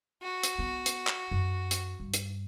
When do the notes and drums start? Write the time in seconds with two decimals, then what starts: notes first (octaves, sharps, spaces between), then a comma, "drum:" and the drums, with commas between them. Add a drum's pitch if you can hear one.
0.22 F#4
0.43 drum: hi-hat
0.59 B3
0.86 drum: hi-hat
1.07 drum: clap
1.31 F#2
1.71 drum: hi-hat
2.00 G2
2.14 drum: hi-hat